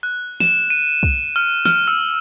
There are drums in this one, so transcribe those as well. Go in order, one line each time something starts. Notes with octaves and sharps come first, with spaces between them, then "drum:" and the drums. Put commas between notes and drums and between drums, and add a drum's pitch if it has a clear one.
F#6
E7, drum: snare
D#7
drum: kick
F6
F6, drum: snare
E6